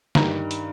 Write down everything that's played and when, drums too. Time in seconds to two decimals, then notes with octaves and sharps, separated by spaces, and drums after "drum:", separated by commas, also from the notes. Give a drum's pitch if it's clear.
0.15 G2 D#3 G3 A#5, drum: snare
0.51 drum: hi-hat